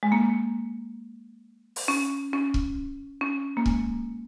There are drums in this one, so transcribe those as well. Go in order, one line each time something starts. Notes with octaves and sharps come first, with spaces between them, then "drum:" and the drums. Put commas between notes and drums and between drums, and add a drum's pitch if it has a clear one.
G#3
A#3
drum: open hi-hat
C#4
C#4
drum: kick
C#4
A#3
G#3, drum: kick